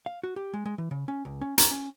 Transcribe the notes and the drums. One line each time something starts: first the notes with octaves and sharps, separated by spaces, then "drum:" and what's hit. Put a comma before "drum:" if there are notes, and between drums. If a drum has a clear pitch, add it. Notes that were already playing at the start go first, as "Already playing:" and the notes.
F5
F#4
G4
G#3
G#3
E3
C#3
C#4
C#2
C#4
A#5, drum: hi-hat
C#4